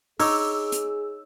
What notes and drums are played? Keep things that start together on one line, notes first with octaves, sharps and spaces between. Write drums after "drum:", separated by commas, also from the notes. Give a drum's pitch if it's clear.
D#4 G#4 C#5 D6 E6, drum: open hi-hat
drum: hi-hat